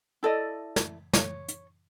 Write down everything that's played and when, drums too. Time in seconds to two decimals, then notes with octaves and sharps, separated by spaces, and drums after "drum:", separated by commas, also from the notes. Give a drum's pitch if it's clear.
0.23 E4 A4 D5 D#5
0.76 drum: snare
1.13 C#5, drum: snare
1.48 drum: hi-hat